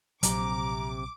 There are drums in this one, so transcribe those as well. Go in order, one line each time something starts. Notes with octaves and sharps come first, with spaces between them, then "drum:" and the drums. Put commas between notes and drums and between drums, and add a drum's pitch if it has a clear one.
A#1 C3 F#3 A#5 D6, drum: hi-hat